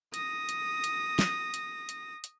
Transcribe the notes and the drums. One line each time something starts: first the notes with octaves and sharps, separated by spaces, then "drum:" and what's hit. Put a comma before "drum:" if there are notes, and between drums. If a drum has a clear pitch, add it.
D#6 A#6, drum: hi-hat
drum: hi-hat
drum: hi-hat
drum: snare
drum: hi-hat
drum: hi-hat
drum: hi-hat